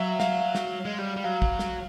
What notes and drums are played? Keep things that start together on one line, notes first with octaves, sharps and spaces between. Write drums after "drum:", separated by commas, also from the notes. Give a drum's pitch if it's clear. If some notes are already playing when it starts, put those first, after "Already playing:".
Already playing: F#3 E5 F5
F5, drum: snare
drum: snare
G#3
G3
G3
F#3 F5
drum: kick
drum: snare